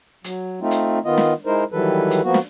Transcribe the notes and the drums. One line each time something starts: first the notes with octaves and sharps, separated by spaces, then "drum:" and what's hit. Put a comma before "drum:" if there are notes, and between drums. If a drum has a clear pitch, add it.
F#3, drum: hi-hat
A3 C4 D#4 F4
drum: hi-hat
D#3 B3 F4 D#5
drum: snare
G#3 D#4 E4 A#4 C5
D#3 E3 F#3 G3 A4 B4
drum: hi-hat
F3 A#3 B3 F#4
drum: snare